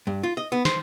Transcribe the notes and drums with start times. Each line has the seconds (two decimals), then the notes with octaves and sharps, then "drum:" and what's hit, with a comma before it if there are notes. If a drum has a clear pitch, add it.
0.07 G2
0.23 F4
0.37 D#5
0.52 B3
0.65 C5, drum: snare